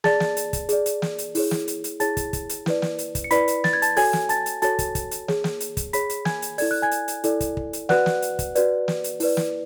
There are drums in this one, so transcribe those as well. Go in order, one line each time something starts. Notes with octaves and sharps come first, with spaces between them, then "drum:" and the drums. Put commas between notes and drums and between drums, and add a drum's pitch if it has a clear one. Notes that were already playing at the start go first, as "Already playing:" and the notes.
G#4 D5 A5 A6, drum: snare
drum: snare
drum: hi-hat
drum: kick, hi-hat
G#4 D5, drum: hi-hat
drum: hi-hat
drum: snare
drum: hi-hat
E4 G#4 C#5, drum: open hi-hat
drum: snare
drum: hi-hat
drum: hi-hat
E4 G#4 C#5 A5 A6, drum: hi-hat
drum: kick, hi-hat
drum: kick, hi-hat
drum: hi-hat
E4 B4 D5, drum: snare
drum: snare
drum: hi-hat
drum: kick, hi-hat
C#7
E4 B4 D5 B5 B6, drum: hi-hat
drum: hi-hat
A6, drum: snare
G#6
A5 A6, drum: hi-hat
F#4 A4 C#5 G#5 G#6, drum: open hi-hat
drum: snare
A5 A6, drum: hi-hat
drum: hi-hat
F#4 A4 C#5 A5 A6, drum: hi-hat
drum: kick, hi-hat
drum: kick, hi-hat
drum: hi-hat
G#4 C#5, drum: snare
drum: snare
drum: hi-hat
drum: kick, hi-hat
G#4 C#5 B5 B6, drum: hi-hat
drum: hi-hat
G#5 G#6, drum: snare
drum: hi-hat
E4 A4 D5 G#6, drum: open hi-hat
F#6
G#5 G#6
drum: hi-hat
drum: hi-hat
E4 A4 D5, drum: hi-hat
drum: kick, hi-hat
drum: kick
drum: hi-hat
F#4 B4 D5 F#5 F#6, drum: snare
drum: snare
drum: hi-hat
drum: kick, hi-hat
F#4 B4 D5, drum: hi-hat
drum: snare
drum: hi-hat
E4 B4 D5, drum: open hi-hat
drum: snare